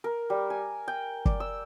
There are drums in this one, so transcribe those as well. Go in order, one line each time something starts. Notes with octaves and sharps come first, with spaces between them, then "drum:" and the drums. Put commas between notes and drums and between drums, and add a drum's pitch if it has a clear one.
A#4
G3
G#5
G5
D5, drum: kick
E6